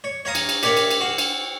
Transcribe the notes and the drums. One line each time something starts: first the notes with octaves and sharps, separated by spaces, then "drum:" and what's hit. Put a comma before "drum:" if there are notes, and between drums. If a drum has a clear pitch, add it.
C#5
C#5 F5 A#5 D#6
drum: cymbal
drum: cymbal
G4 A#4 C#5 D5 E5 F5, drum: cymbal
drum: cymbal
drum: cymbal
F#4 F5
drum: cymbal